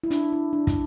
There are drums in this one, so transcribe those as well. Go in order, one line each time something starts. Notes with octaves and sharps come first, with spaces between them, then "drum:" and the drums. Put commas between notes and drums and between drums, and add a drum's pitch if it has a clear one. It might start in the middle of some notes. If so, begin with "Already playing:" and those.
E4
D4, drum: hi-hat
E4
D4
drum: kick, hi-hat